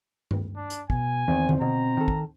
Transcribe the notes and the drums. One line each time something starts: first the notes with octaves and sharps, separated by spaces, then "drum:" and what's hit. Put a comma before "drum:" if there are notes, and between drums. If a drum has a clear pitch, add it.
drum: tom G2
D4
drum: hi-hat
B2 G#5, drum: kick
E2 D#3 C4
drum: tom D3
B2 A#5
D#3 A4
drum: kick